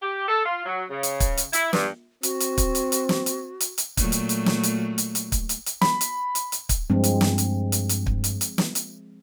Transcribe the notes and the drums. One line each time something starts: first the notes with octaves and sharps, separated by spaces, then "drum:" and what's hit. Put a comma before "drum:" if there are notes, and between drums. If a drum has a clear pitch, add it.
G4
A4
F4
F#3
C#3
drum: hi-hat
drum: kick, hi-hat
drum: hi-hat
E4, drum: hi-hat
G2, drum: snare
C4 F#4, drum: hi-hat
drum: hi-hat
drum: kick, hi-hat
drum: hi-hat
drum: hi-hat
drum: snare
drum: hi-hat
drum: hi-hat
drum: hi-hat
A#2 F#3 A3, drum: kick, hi-hat
drum: hi-hat
drum: hi-hat
drum: snare
drum: hi-hat
drum: hi-hat
drum: hi-hat
drum: kick, hi-hat
drum: hi-hat
drum: hi-hat
B5, drum: snare
drum: hi-hat
drum: hi-hat
drum: hi-hat
drum: kick, hi-hat
G2 F3 G#3 C4
drum: hi-hat
drum: snare
drum: hi-hat
drum: hi-hat
drum: hi-hat
drum: kick
drum: hi-hat
drum: hi-hat
drum: snare
drum: hi-hat